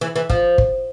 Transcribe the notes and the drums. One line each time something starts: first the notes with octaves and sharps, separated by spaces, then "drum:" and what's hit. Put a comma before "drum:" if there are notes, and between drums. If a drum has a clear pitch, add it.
E3
E3
F3, drum: kick G1
drum: kick G1